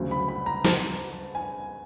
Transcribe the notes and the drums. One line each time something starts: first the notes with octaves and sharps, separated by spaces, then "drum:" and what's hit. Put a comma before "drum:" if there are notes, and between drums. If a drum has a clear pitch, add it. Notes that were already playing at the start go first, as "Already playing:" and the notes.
Already playing: D2 C#3 F#3
B5
B5
A#5
A5, drum: snare
G#5